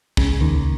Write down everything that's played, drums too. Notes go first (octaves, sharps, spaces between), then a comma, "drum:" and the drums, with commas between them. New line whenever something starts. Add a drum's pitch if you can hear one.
C#2 C#3, drum: kick
D#2 D#3